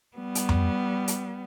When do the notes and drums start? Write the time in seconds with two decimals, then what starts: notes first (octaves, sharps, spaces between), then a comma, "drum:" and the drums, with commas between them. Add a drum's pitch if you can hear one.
0.17 G3 B3
0.35 drum: hi-hat
0.49 drum: tom F2
1.08 drum: hi-hat